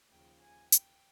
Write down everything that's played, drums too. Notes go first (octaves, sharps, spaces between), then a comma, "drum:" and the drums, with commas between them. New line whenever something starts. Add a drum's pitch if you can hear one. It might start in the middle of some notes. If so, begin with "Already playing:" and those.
D#2 C#3 F3 G5
G#5
G5, drum: hi-hat